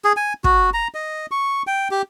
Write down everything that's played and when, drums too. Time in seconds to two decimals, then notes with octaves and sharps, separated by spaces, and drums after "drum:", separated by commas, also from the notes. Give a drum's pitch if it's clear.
0.04 G#4
0.17 G#5
0.44 F#4, drum: kick
0.74 A#5
0.94 D#5
1.31 C#6
1.67 G5
1.91 G4